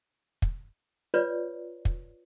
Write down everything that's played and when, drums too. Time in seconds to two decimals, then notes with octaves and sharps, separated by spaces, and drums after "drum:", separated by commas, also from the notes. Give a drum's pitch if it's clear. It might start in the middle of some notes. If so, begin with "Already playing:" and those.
0.42 drum: kick
1.14 F4 B4 C#5 D5
1.85 drum: kick